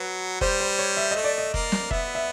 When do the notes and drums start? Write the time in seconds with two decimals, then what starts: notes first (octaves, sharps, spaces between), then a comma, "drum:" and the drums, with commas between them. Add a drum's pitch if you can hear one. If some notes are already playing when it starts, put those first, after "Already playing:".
Already playing: F#3 B4
0.41 G3 C5, drum: kick F1
0.60 C5
0.79 C#5
0.97 E5
1.11 A3 D#5
1.24 D5
1.38 D#5
1.54 A#3, drum: kick F1
1.72 drum: snare
1.91 B3 E5, drum: kick F1
2.15 E5